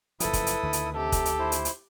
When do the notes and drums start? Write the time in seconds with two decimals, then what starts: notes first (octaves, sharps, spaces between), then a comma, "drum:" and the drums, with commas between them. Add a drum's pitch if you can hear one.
0.20 F#1 F3 E4 A4 B4 D#6, drum: hi-hat
0.33 drum: kick, hi-hat
0.47 drum: hi-hat
0.63 D2 D3 D#3
0.73 drum: hi-hat
0.95 C3 G4 A4
1.12 drum: kick, hi-hat
1.25 drum: hi-hat
1.39 E4 C5
1.52 drum: hi-hat
1.65 drum: hi-hat